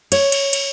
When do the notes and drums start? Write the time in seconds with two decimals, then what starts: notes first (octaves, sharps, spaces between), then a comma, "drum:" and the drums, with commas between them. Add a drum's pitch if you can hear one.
0.12 C#5, drum: cymbal
0.32 drum: cymbal
0.53 drum: cymbal